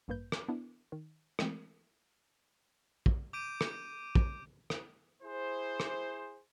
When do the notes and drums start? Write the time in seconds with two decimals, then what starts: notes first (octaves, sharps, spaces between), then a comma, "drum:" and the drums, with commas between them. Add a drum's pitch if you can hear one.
0.08 A1 G2 A#3 B4 G6
0.32 drum: rim click
0.48 B3 D4 E4
0.92 D#3
1.39 E3 G#3 A3 C4, drum: rim click
3.06 drum: kick
3.33 D6 G6 D7 D#7
3.61 drum: rim click
4.15 drum: kick
4.70 drum: rim click
5.22 E4 G#4 C5
5.80 drum: rim click